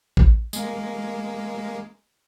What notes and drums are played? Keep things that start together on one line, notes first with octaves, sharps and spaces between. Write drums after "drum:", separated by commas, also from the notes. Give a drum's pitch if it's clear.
drum: kick A1
G#3 A#3, drum: tambourine